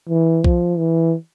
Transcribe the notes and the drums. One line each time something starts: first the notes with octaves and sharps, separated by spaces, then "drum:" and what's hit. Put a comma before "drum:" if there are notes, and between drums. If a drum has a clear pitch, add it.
E3
F3, drum: kick B1
E3